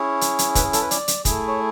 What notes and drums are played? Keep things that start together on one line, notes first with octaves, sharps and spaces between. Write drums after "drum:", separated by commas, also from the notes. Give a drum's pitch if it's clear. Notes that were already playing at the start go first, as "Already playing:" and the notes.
Already playing: C#4 E4 G#4 C#5
drum: hi-hat
drum: hi-hat
B4, drum: kick, hi-hat
G#4
A4, drum: hi-hat
B4
D5, drum: hi-hat
drum: hi-hat
A3 E4 G#4, drum: kick, hi-hat
C#5